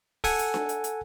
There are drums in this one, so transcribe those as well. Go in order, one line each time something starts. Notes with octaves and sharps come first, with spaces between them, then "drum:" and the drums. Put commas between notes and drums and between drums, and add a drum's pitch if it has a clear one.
A4 F#5 G#5, drum: kick, open hi-hat
drum: hi-hat
drum: snare D4
drum: hi-hat
drum: hi-hat